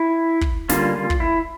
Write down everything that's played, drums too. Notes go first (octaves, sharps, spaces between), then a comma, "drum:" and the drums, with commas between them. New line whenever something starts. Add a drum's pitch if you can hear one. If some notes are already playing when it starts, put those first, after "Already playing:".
Already playing: E4
drum: kick
D3 G3 A#3 C#4 F4, drum: snare
F4
drum: kick
E4